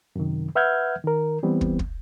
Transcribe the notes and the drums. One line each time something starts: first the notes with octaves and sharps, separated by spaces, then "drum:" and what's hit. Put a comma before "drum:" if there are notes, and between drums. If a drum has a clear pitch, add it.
F#2 C3 D#3
B4 E5 F#5 F6 G6 G#6
D#3 A#4
E3 G3 B3 C4
drum: kick
drum: kick